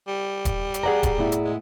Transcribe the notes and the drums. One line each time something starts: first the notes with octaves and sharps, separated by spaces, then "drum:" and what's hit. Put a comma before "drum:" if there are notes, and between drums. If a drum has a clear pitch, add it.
G3
drum: kick D#1, hi-hat
drum: hi-hat
G#4 B4 D5 F#5 A#5
drum: kick D#1, hi-hat
A2 B3 E4
drum: hi-hat
G#3